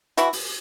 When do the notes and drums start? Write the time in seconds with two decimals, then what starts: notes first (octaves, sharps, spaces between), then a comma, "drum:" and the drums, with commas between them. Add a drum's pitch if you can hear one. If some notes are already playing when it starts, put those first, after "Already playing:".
0.17 E3 E4 F#4, drum: hi-hat
0.33 drum: open hi-hat